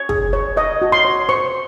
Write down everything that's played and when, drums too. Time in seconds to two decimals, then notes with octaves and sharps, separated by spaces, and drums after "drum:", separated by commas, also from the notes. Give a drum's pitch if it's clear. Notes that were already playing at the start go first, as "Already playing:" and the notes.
Already playing: C#5
0.09 G#4, drum: kick
0.33 C#5
0.57 C#5 D#5
0.82 F#4
0.92 C6
1.05 C#5
1.29 C5 C#6